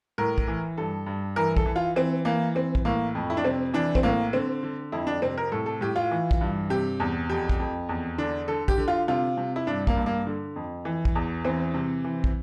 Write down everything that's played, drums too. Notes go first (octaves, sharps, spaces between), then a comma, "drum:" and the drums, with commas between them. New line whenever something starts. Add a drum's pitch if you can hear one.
A2 A#4
drum: kick
E3
G2 A4
G2
E3 A#4
A4, drum: kick
E3
F4
E3 C4
E3 A#3
E3 C4
drum: kick
A2 A#3
F2
E4
D4
C3 C4
E3 D4
C4, drum: kick
A2 A#3
D3 C4
D3
F2 E4
D4
C3 C4
A#4
A2 A4
A4
A2 G4
F4
E3
drum: kick
G2
C3 G4
E2
F2 G4
drum: kick
F2
E2
D3 D4
D3 A4
G4, drum: kick
D3
F4
C3 F4
C3
E4
G2 D4
A#3, drum: kick
G2
A#3
D3
F2
E3
drum: kick
E2
E3 C4
C3
E3
drum: kick